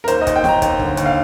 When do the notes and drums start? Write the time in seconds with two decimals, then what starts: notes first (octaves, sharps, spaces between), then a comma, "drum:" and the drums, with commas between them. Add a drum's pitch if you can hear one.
0.04 A#4
0.08 D#2 C5, drum: hi-hat
0.21 D#5
0.27 D#2, drum: kick, hi-hat
0.36 G5
0.44 D#2 A#5, drum: snare
0.62 D#2, drum: kick, hi-hat
0.79 D3, drum: kick
0.97 D#2, drum: hi-hat
1.06 F5